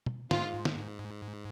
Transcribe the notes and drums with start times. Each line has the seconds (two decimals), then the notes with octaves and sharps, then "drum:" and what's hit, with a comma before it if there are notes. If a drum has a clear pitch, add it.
0.06 drum: tom
0.31 G#2 F4, drum: snare
0.65 drum: snare